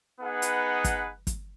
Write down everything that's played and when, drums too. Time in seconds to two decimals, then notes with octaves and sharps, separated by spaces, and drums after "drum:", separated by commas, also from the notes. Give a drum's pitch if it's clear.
0.20 B3 D#4 G#4 B4 F#5
0.42 drum: hi-hat
0.84 drum: kick, hi-hat
1.27 drum: kick, hi-hat